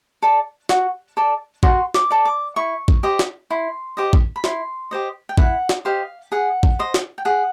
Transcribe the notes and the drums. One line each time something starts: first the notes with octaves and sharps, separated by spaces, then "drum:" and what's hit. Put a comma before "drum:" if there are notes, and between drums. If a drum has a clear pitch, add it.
A4 D5
F#4, drum: snare
A4 D5
F#4 C6, drum: kick A1
D6, drum: snare
A4 D5
D6
E4 C#6
drum: kick A1
G4 C5 D#5
drum: snare
E4 C6
G4 C5 D#5
drum: kick A1
B5
E4 C6, drum: snare
G4 C5 D#5
G5
E4 F#5, drum: kick A1
drum: snare
G4 C5 D#5 F5
G#4 F#5
drum: kick A1
C5 D#5
drum: snare
G5
G#4 F#5